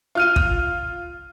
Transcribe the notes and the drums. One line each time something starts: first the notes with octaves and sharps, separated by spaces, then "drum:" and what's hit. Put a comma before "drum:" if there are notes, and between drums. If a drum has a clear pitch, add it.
F4 F6 D#7
drum: kick